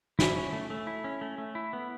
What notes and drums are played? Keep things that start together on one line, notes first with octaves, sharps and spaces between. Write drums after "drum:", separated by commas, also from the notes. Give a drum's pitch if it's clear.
E4, drum: snare
C#4
A3
A3
E4
C#4
A3
A3
E4
B3